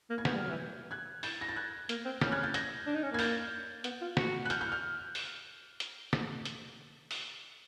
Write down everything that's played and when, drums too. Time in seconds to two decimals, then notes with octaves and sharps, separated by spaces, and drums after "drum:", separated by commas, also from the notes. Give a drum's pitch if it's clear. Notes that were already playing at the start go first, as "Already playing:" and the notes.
0.10 A#3
0.18 G#6
0.25 B3 F6 G6, drum: snare
0.34 G3
0.43 F#3
0.50 E3
0.91 F#6 G#6
1.23 G6 A6, drum: open hi-hat
1.41 A#6
1.49 A6
1.56 F#6 G#6
1.89 A#3, drum: hi-hat
2.05 C4
2.21 C#4 F6 G6, drum: snare
2.32 F#6 G#6
2.43 G6 A6
2.54 G#6 A#6, drum: hi-hat
2.86 D4
2.95 D#4
3.03 C#4
3.12 A#3 G#6
3.19 G6 A6, drum: open hi-hat
3.84 B3, drum: hi-hat
4.01 F4
4.17 F#4, drum: snare
4.45 F#6
4.50 F6 G6, drum: hi-hat
4.61 F6 G6
4.72 F6 G6
5.15 drum: open hi-hat
5.80 drum: hi-hat
6.13 drum: snare
6.45 drum: hi-hat
7.11 drum: open hi-hat